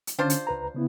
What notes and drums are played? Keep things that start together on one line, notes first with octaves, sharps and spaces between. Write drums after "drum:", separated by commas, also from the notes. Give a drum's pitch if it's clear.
drum: hi-hat
D3 C#4 D4 F4 C5
drum: hi-hat
C#2 B4 A#5
C#3 B3 E4